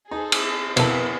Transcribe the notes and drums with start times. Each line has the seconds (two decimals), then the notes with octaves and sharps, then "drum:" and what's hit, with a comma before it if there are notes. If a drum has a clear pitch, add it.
0.11 D#4 G#4 A4 C5
0.32 drum: cymbal
0.77 F2 B2 B3 E4 A4 A#4 G#5, drum: cymbal